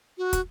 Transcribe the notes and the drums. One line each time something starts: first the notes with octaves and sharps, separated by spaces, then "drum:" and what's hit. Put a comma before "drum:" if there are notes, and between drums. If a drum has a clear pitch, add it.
F#4
drum: kick, hi-hat